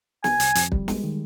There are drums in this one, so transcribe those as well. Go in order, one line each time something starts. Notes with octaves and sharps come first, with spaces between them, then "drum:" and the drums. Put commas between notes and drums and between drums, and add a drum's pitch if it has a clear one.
C2 G#5, drum: snare
C2, drum: hi-hat
F2, drum: hi-hat
G3, drum: kick
G#3, drum: snare
D#3